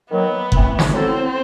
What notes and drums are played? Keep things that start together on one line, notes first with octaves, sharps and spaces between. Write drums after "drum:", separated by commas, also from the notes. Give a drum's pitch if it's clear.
D#3 F#3 A#3 B3
E3 A3 C4, drum: kick F#1
drum: snare
F#3 B3 C4 E4 A4